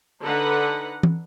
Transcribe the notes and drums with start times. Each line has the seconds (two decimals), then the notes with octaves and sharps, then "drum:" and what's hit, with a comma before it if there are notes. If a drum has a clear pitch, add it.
0.22 D3 D#4 A4 B4 F#5 A#5
1.03 drum: tom